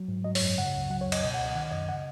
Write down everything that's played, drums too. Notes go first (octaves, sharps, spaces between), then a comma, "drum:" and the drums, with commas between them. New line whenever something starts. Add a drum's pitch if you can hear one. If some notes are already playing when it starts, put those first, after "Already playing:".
Already playing: F#3
G#2
F#3 D#5
C#5, drum: open hi-hat
F#2
C#3 F#5
C#2
F#3 F#5
C#5
F#2
D#5, drum: cymbal
B2 D#5
F#5
C#2
D#5
D#3 F#5
F#2 D#5
C#3 F#5